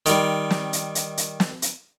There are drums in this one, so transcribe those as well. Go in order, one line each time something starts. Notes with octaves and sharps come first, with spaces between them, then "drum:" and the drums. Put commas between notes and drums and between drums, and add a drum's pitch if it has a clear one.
D#3 G3, drum: hi-hat
drum: snare
drum: hi-hat
drum: hi-hat
drum: hi-hat
drum: snare
drum: hi-hat